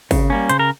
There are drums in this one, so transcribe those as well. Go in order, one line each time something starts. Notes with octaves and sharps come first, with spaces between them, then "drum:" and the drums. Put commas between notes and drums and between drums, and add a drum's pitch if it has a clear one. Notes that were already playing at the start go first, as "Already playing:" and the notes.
C#3, drum: kick, open hi-hat
G3 A#3 C#4
C#3 C5, drum: hi-hat
A#4